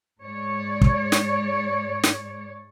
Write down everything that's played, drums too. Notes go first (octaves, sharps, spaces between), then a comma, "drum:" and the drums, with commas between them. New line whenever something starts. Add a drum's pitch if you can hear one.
G#2 C#5 D5
drum: kick
drum: snare
drum: snare